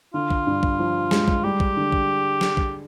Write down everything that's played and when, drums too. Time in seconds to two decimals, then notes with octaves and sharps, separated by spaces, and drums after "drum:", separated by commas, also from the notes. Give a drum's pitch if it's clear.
0.14 D3 F4
0.31 drum: kick
0.47 G2
0.63 drum: kick
0.80 F3
1.11 G#3, drum: snare
1.28 drum: kick
1.44 G3 G4
1.60 drum: kick
1.77 D3
1.92 drum: kick
2.41 drum: snare
2.57 drum: kick